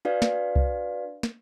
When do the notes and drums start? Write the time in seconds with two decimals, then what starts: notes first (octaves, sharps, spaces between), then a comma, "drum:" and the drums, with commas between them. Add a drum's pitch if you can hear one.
0.05 D4 F#4 B4 D5 F5
0.22 drum: snare
0.56 drum: kick C2
1.23 drum: snare